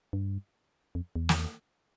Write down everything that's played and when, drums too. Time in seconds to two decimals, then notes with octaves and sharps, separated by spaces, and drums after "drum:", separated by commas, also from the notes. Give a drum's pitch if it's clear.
0.13 G2
0.95 F2
1.16 E2
1.29 drum: snare